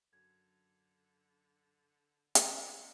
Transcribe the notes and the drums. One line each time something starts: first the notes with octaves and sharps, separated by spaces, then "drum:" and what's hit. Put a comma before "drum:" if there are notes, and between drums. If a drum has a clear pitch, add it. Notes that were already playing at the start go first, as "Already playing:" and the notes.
F#2 D3 G#6
drum: hi-hat